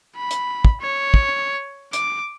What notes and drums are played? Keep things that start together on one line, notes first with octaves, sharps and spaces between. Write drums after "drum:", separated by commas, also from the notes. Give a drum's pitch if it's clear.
B5
drum: hi-hat
drum: kick
C#5
drum: kick
D6, drum: hi-hat